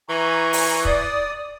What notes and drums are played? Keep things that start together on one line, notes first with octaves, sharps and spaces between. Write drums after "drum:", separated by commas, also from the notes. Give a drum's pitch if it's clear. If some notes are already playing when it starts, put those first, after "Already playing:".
E3 G#5 A#5 C#6
drum: open hi-hat
D5 D#6, drum: kick